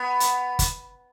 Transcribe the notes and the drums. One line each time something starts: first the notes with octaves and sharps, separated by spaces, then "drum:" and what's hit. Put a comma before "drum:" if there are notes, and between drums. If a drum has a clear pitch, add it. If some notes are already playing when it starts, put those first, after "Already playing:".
Already playing: B3
drum: hi-hat
drum: kick G1, hi-hat